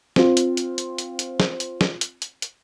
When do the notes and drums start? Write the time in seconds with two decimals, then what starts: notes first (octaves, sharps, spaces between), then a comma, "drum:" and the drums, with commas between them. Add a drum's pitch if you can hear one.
0.16 C4 F4, drum: snare
0.37 drum: hi-hat
0.57 drum: hi-hat
0.78 drum: hi-hat
0.98 drum: hi-hat
1.19 drum: hi-hat
1.40 drum: snare
1.60 drum: hi-hat
1.81 drum: snare
2.01 drum: hi-hat
2.22 drum: hi-hat
2.42 drum: hi-hat